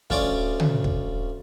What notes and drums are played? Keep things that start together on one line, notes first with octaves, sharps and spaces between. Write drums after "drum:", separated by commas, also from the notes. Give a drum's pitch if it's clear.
D2 C#4 F4 D5 C#6 D6, drum: kick
drum: tom
drum: kick